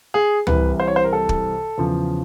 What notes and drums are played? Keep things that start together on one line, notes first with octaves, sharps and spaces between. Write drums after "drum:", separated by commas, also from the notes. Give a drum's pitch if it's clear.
G#4
C2 C3 E3 B4, drum: tom
C5
C#5
C5
A#4
A4
drum: kick
E2 C#3 F3